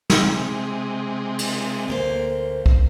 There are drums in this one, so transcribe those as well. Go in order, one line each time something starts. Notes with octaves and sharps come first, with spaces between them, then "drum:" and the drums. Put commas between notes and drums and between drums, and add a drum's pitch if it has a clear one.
C3 G#3, drum: snare
drum: cymbal
D2 A#3 C5
drum: kick